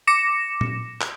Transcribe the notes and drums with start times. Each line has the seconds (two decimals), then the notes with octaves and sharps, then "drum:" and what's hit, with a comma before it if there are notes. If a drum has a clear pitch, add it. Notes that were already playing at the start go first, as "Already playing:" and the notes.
0.07 D6 A#6 C#7 E7
0.61 drum: tom A#2
1.01 drum: clap